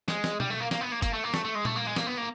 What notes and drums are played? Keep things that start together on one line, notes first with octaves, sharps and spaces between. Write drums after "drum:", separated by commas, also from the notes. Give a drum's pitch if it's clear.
G#3, drum: snare
drum: snare
G3, drum: tom B2
A3
A#3
A#3, drum: snare
B3
A#3
A#3, drum: kick F#1, hi-hat
A3
A#3
A3, drum: snare
A3
G#3
A3, drum: tom A#2
A#3
G#3
A#3, drum: snare
B3
A#3